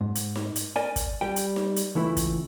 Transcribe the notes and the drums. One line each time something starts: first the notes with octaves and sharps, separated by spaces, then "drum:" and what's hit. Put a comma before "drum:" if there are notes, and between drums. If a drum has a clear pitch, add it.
G#2
drum: hi-hat
drum: snare D#4
drum: hi-hat
A#4 D5 G#5
drum: kick, hi-hat
G3 G5
drum: hi-hat
drum: snare D#4
drum: hi-hat
C#2 E3 A3 E4
drum: kick, hi-hat